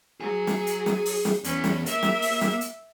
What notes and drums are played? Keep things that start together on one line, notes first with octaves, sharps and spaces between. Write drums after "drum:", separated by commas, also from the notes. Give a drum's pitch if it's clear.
F#3 G#4
drum: snare
drum: hi-hat
drum: snare
drum: open hi-hat
drum: snare
E2 B3 C#4, drum: hi-hat
drum: snare
A#3 E5, drum: hi-hat
drum: snare
drum: open hi-hat
drum: snare
drum: hi-hat